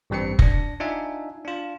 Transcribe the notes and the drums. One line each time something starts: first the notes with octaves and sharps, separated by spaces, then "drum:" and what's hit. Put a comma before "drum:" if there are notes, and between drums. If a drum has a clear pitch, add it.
A1 G2 G3 C4 C#7
D4 A#6, drum: kick F1
D4 D#4 F4 E5 G#5
D4 F4